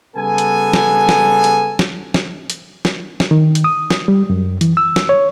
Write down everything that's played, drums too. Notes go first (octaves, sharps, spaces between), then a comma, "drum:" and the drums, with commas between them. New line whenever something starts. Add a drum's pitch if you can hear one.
C#3 G3 B3 A4 G#5
drum: hi-hat
drum: snare
drum: snare
drum: hi-hat
drum: snare
drum: snare
drum: hi-hat
drum: snare
drum: snare
D#3
drum: hi-hat
D#6
drum: snare
G3
F#2
E3, drum: hi-hat
E6
drum: snare
C#5